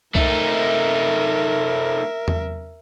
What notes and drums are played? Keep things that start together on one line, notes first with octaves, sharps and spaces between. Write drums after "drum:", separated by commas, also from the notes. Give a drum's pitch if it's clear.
A3 D#4 A#4 E5, drum: kick C2
drum: tom E2